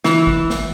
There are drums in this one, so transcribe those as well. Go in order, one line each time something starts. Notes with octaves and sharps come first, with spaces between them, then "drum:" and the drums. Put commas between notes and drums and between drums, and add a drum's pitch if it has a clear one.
E3, drum: snare
drum: kick
drum: snare